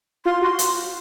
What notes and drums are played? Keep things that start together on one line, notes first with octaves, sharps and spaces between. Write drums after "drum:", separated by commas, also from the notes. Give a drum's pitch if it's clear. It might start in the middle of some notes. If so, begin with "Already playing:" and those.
F4 C6
F#4 C6
drum: hi-hat